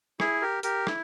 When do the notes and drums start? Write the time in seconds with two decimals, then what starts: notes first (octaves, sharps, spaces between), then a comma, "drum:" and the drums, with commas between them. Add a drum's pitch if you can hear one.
0.20 E4 G#4, drum: rim click
0.42 G4 A#4
0.63 G4 A#4, drum: hi-hat
0.87 E4, drum: rim click